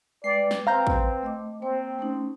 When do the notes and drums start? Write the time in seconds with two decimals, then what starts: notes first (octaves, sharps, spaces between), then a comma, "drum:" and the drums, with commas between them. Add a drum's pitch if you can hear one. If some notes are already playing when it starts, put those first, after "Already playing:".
0.24 G#3 B4 D5 G5 C7
0.51 drum: snare
0.67 C4 B4 F5 A#5 G6
0.87 drum: kick
1.22 A3 D#5 D6
1.62 A#3 C4 C5 G5
1.99 A3 C#4 D#4